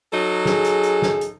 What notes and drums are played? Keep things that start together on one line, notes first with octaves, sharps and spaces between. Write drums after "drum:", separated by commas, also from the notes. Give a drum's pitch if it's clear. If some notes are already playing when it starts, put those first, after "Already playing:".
F#3 D#4 A4
G#4, drum: snare
drum: hi-hat
drum: hi-hat
drum: snare
drum: hi-hat